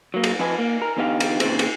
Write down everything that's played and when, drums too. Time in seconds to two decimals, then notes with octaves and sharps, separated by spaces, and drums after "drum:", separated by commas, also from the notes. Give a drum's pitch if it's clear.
0.14 F#3 A#3
0.24 drum: cymbal
0.39 F2 F3 B4 D#5 G#5
0.58 A#3
0.82 A#4
0.97 E2 D3 B3 D#4 G4 F5
1.20 drum: cymbal
1.40 A#2 C#3 E3 C4, drum: cymbal
1.59 drum: cymbal